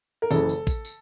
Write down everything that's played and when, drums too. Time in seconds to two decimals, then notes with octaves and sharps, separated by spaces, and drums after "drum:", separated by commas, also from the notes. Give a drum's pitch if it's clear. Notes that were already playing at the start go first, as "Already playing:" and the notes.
0.22 A#4
0.31 F#1 F#2 C#3 E3 A4, drum: tambourine
0.49 drum: tambourine
0.67 drum: kick A1, tambourine
0.85 drum: tambourine